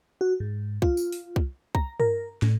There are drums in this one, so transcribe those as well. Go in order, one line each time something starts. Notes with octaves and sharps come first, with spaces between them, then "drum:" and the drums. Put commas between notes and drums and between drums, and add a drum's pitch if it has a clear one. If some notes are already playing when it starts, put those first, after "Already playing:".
F#4
G#2
F4, drum: kick C2
drum: tambourine
drum: open hi-hat
drum: kick C2
A#5, drum: kick C2
A#4, drum: tom G2
A2, drum: snare